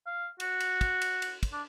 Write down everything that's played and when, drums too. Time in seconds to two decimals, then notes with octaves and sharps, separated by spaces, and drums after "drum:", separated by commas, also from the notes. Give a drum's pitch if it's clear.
0.07 F5
0.40 F#4, drum: cymbal
0.60 drum: cymbal
0.81 drum: kick, cymbal
1.02 drum: cymbal
1.22 drum: cymbal
1.43 drum: kick, cymbal
1.52 D4